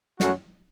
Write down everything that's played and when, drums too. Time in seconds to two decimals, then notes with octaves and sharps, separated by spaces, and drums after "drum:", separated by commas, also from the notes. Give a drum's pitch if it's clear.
0.20 F#2 F#3 A3 C#4 F#4, drum: snare